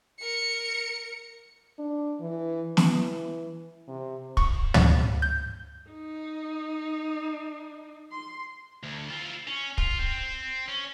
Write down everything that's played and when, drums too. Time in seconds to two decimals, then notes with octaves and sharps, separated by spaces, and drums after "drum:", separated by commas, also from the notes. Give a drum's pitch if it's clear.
0.19 A#4 C#7
1.78 D4
2.20 E3
2.77 E3, drum: snare
3.88 C3
4.37 C#6, drum: kick
4.74 A6, drum: tom
5.22 G6
5.90 D#4
8.12 C6
8.83 D2
9.09 E4 F4
9.47 C#4
9.78 F4, drum: kick
9.99 C4
10.68 C#4